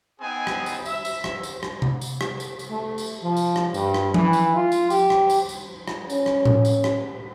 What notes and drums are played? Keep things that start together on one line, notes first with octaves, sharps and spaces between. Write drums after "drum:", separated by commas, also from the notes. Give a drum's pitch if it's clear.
B3 C4 D#4 G#4 G#5
drum: rim click
drum: tambourine
E5, drum: tambourine
drum: tambourine
drum: rim click
drum: tambourine
drum: rim click
drum: tom C3
drum: tambourine
drum: rim click
drum: tambourine
drum: tambourine
A3
drum: tambourine
F3
drum: tambourine
drum: rim click
G2, drum: tambourine
drum: rim click
E3, drum: tom F3
drum: tambourine
F4
drum: tambourine
G4, drum: tambourine
drum: rim click
drum: tambourine
drum: tambourine
drum: rim click
C#4, drum: tambourine
drum: rim click
drum: tom A2
drum: tambourine
drum: rim click